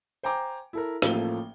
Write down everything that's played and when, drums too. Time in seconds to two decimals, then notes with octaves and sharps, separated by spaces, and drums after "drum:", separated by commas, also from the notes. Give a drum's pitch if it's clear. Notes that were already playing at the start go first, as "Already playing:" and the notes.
0.23 C5 G5 G#5 A#5 D6
0.73 E4 A4 A#4
1.02 A1 F3 A3 A#3 G7, drum: rim click